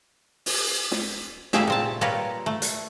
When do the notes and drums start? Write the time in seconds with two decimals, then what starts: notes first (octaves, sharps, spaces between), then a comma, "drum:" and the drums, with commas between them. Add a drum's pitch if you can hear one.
0.46 drum: open hi-hat
0.91 drum: snare
1.53 G3 A3 A#3 G4 G#4 E5, drum: snare
1.68 A#2 C4 A5
2.01 G3 A#3 F4 A#4 B4 C#5
2.46 A3
2.62 drum: hi-hat